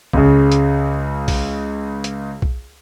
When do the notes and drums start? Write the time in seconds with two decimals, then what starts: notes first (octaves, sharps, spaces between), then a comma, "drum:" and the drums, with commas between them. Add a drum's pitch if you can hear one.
0.13 C#2 C#3, drum: kick B1
0.52 drum: hi-hat
1.28 drum: kick B1, open hi-hat
2.04 drum: hi-hat
2.42 drum: kick B1